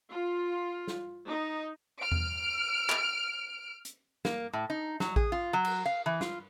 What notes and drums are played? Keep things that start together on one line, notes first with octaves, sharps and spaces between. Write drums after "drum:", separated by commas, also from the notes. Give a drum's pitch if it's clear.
F4
drum: snare
D#4
F6 D7
drum: tom E2
drum: clap
drum: hi-hat
A#3, drum: snare
A2
D#4
F#3, drum: snare
G#4, drum: kick A1
F4
F#3
drum: cymbal
F5
E3
F4, drum: snare